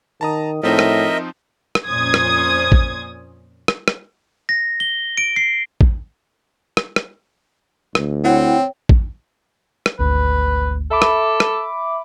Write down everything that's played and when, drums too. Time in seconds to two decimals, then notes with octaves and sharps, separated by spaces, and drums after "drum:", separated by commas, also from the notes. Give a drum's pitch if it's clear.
0.21 D#3 A5 A#5 D#6
0.63 A2 F3 C4 D#4 A#4 D#5 E5
0.79 drum: rim click
1.75 drum: rim click
1.86 F2 A#2 C#4 C5 D#6 G#6
2.14 drum: rim click
2.72 drum: kick A1
3.68 drum: rim click
3.88 drum: rim click
4.49 A#6
4.80 G7
5.17 D7
5.36 C7
5.81 drum: kick A1
6.77 drum: rim click
6.96 drum: rim click
7.95 D2, drum: rim click
8.24 C4 E4 C#5 F#5 G5
8.89 drum: kick A1
9.86 drum: rim click
9.99 G#1 D2 B4
10.91 A4 E5 B5 D6
11.02 drum: rim click
11.40 drum: rim click